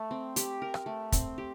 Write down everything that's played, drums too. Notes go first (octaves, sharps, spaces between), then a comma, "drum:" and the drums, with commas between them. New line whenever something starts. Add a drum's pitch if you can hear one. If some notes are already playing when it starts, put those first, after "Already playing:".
Already playing: A3
C4
G4, drum: hi-hat
A#4
drum: rim click
A3
C4, drum: kick, hi-hat
G4